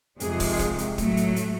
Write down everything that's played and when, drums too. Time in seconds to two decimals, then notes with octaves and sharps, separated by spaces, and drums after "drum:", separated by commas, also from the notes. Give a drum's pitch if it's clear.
0.20 F2 C3 D#3 G#3 G#4, drum: hi-hat
0.40 drum: kick, open hi-hat
0.59 drum: kick, hi-hat
0.78 drum: hi-hat
0.98 A2 F#3 A3, drum: kick, hi-hat
1.17 drum: hi-hat
1.36 drum: hi-hat